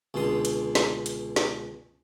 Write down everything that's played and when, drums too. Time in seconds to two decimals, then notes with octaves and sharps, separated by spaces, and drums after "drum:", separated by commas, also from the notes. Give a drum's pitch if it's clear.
0.14 C#2 B2 D3 C6 D#6
0.45 drum: hi-hat
0.75 drum: snare
1.06 drum: hi-hat
1.36 drum: snare